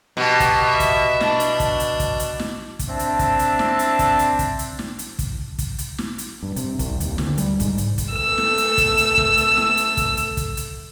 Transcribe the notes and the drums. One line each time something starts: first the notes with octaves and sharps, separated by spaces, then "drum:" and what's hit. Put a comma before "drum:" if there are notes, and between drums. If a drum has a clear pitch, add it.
B2 G4 A5
drum: kick, hi-hat
E5
drum: kick, hi-hat
D4, drum: snare
drum: hi-hat
drum: kick, hi-hat
drum: hi-hat
drum: kick, hi-hat
drum: hi-hat
drum: snare
drum: kick, hi-hat
C4 D4 E5 A5
drum: hi-hat
drum: kick, hi-hat
drum: hi-hat
drum: snare
drum: hi-hat
drum: kick, hi-hat
drum: hi-hat
drum: kick, hi-hat
drum: hi-hat
drum: snare
drum: hi-hat
drum: kick, hi-hat
drum: kick, hi-hat
drum: hi-hat
drum: snare
drum: hi-hat
G2
C3, drum: hi-hat
C2, drum: kick, hi-hat
D#2, drum: hi-hat
D2, drum: snare
G3, drum: hi-hat
G#2, drum: kick, hi-hat
drum: hi-hat
drum: kick, hi-hat
A3 E6
drum: snare
drum: hi-hat
drum: kick, hi-hat
drum: hi-hat
drum: kick
drum: hi-hat
drum: snare
drum: hi-hat
drum: kick, hi-hat
drum: hi-hat
drum: kick, hi-hat
drum: hi-hat